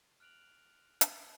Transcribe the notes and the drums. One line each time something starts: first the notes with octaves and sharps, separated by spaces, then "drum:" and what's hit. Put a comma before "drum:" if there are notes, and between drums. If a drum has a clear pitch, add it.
F6 F#6 D7 F7 F#7
drum: hi-hat